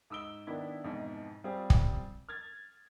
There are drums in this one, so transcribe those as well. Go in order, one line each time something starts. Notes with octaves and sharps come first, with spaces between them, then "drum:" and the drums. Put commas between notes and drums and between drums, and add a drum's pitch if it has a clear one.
G#2 D#6 E6 D7 G7
D#3 B3 D4 E4
F2 G#2 B2 E3
G3 C4 F4 G#4
drum: kick
F6 G#6 A6